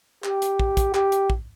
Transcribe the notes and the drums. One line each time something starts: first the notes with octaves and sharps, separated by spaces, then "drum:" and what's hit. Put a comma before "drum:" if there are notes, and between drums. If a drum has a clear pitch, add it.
G4, drum: clap
drum: hi-hat
drum: kick
drum: kick, hi-hat
G4, drum: clap
drum: hi-hat
drum: kick